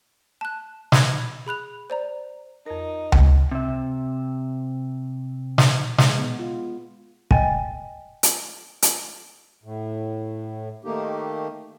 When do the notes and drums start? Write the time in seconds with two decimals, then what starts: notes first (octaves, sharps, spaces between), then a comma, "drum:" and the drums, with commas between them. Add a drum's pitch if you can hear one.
0.41 A5 F#6
0.92 B5 E6 F#6 G#6 A#6, drum: snare
1.47 G#4 B5 F#6 F7
1.90 C5 D5 A#5
2.66 F2 D#4 A#4
3.12 drum: tom C#2
3.52 C3 E5
5.58 drum: snare
5.98 G#3, drum: snare
6.18 B3
6.39 F4
7.31 D#5 G5 G#5, drum: kick
8.23 drum: hi-hat
8.82 drum: hi-hat
9.64 A2
10.85 D#3 A3 A#3 D#4 G4